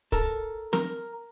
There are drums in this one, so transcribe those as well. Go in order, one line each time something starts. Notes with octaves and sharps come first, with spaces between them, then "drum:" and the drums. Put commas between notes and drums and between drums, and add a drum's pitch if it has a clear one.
A4 A#4, drum: kick
A#4, drum: snare